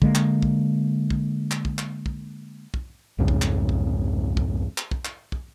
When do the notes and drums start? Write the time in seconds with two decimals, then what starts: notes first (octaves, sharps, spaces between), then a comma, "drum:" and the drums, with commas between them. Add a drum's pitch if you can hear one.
0.02 D3 G#3 A#3, drum: kick
0.15 drum: clap
0.42 drum: kick
1.10 drum: kick
1.51 drum: clap
1.65 drum: kick
1.79 drum: clap
2.06 drum: kick
2.74 drum: kick
3.18 C2 F2 G#2 C#3
3.28 drum: kick
3.42 drum: clap
3.69 drum: kick
4.37 drum: kick
4.78 drum: clap
4.91 drum: kick
5.05 drum: clap
5.32 drum: kick